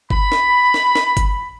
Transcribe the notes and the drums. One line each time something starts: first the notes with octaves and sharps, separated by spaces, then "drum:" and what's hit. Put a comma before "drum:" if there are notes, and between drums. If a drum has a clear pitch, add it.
B5, drum: kick G1
drum: snare
drum: snare
drum: snare
drum: kick G1, hi-hat